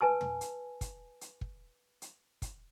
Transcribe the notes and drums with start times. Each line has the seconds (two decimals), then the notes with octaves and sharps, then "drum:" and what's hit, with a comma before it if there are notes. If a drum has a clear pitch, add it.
0.01 B4 G#5 A5 E6
0.21 drum: tom
0.41 drum: hi-hat
0.81 drum: kick, hi-hat
1.21 drum: hi-hat
1.41 drum: kick
2.02 drum: hi-hat
2.42 drum: kick, hi-hat